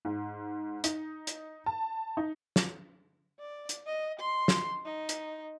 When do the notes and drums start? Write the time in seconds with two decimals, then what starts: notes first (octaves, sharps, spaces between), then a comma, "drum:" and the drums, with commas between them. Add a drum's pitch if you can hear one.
0.05 G#2
0.84 D#4, drum: hi-hat
1.27 drum: hi-hat
1.66 A5
2.17 D#4
2.56 drum: snare
3.39 D5
3.69 drum: hi-hat
3.87 D#5
4.19 C6
4.48 drum: snare
4.85 D#4
5.09 drum: hi-hat